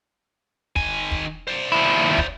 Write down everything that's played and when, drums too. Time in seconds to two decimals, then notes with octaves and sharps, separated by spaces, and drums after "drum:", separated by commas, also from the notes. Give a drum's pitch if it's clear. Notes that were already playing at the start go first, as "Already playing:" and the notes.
0.76 D#3 G#5, drum: kick
1.12 drum: kick
1.48 C5 D5
1.72 D#2 E4
2.18 drum: kick